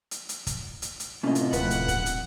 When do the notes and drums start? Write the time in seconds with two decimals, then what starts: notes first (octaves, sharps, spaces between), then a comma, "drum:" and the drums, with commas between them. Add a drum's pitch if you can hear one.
0.11 drum: hi-hat
0.29 drum: hi-hat
0.47 drum: kick, hi-hat
0.82 drum: hi-hat
1.00 drum: hi-hat
1.23 A2 C3 C#4 F4 D#5
1.35 drum: hi-hat
1.53 D1 F3 B4 F#5 F#6, drum: hi-hat
1.70 drum: hi-hat
1.88 drum: kick, hi-hat
2.06 drum: hi-hat